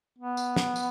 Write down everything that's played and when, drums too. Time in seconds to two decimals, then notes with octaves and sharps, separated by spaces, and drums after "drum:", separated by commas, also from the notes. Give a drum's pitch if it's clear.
0.19 B3
0.37 drum: tambourine
0.56 drum: snare
0.76 drum: tambourine